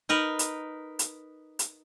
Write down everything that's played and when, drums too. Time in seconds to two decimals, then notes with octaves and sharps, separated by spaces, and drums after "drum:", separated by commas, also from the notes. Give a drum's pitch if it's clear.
0.09 D#4 A#4 B4
0.39 drum: hi-hat
0.99 drum: hi-hat
1.59 drum: hi-hat